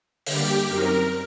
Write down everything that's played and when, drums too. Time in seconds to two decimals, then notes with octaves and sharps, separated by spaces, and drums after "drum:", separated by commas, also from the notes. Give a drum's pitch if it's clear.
0.26 D3 G3 A#3 G4, drum: open hi-hat
0.66 F#2 F#3 C4 D#4 A#4